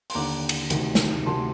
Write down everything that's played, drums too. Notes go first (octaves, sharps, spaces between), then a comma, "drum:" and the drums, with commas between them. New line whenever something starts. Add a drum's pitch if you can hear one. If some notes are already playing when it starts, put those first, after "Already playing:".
C6, drum: open hi-hat
D#2 D3 A#5 D6
drum: cymbal
D2 C3 D#3, drum: hi-hat
drum: snare
D2 C3 D#3 A5 C6